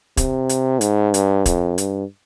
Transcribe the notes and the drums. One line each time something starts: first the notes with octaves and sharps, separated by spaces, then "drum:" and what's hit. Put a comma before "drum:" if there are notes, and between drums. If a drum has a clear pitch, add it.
C3, drum: kick, hi-hat
drum: hi-hat
G#2, drum: hi-hat
G2, drum: hi-hat
F2, drum: kick, hi-hat
G2, drum: hi-hat